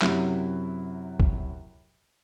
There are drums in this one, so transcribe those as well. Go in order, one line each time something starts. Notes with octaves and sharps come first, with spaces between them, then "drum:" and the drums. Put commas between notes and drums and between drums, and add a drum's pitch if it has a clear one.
F#2 C3 F#3 E4, drum: clap
drum: kick F#1